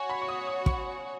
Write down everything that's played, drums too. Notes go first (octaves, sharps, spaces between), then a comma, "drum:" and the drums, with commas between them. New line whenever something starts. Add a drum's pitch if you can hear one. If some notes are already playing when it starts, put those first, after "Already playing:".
Already playing: F#4 C#5 F#5 G#5
B5
C#6
D#6
D#6
C#6, drum: kick